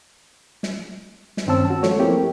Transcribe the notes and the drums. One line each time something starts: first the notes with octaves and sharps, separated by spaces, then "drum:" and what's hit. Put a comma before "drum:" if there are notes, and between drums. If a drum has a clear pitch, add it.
drum: snare
drum: snare
G2 D#3 C4 C#4 A5 E6
F#4
F3 G#3 A4 C#5, drum: snare
A3 A#3 C4 E4 G4 A#4